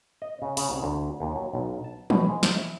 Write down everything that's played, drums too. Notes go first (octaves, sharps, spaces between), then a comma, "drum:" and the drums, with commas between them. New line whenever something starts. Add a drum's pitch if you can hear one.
D#5
C#3
C#3, drum: open hi-hat
C2
D2
D#2
F#3
B1
A5
B2, drum: tom E3
G#3
drum: snare
E4